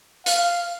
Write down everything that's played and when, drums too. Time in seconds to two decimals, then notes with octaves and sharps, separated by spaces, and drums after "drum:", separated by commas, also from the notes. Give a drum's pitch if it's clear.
0.26 F5, drum: hi-hat